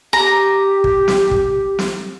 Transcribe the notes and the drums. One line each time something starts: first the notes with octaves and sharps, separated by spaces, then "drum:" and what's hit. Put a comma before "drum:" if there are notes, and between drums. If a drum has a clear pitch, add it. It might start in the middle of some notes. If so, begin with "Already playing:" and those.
G4 A#5
drum: kick
drum: snare
drum: kick
drum: snare